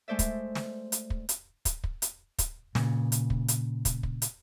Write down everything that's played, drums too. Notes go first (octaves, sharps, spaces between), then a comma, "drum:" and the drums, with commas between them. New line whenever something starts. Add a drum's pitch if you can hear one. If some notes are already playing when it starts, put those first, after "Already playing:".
G#3 A3 C5 D5 E5
drum: kick, hi-hat
drum: snare
drum: hi-hat
drum: kick
drum: hi-hat
drum: kick, hi-hat
drum: kick
drum: hi-hat
drum: kick, hi-hat
A#2 C#3, drum: snare
drum: hi-hat
drum: kick
drum: hi-hat
drum: kick, hi-hat
drum: kick
drum: hi-hat